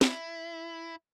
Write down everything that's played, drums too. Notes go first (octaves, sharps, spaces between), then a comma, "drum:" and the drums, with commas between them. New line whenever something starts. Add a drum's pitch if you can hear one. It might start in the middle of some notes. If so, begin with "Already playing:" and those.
E4, drum: snare